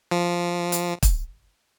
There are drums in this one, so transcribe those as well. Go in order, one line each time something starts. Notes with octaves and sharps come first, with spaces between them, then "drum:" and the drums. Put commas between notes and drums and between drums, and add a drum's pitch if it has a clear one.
F3
drum: hi-hat
drum: kick, hi-hat